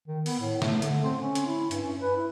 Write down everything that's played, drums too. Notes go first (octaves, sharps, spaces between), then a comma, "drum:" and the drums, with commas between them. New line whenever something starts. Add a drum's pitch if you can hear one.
D#3
B3, drum: open hi-hat
A2
A3, drum: snare
D3, drum: hi-hat
C4
C#4
drum: hi-hat
E4
G2, drum: hi-hat
C#4
B4
E4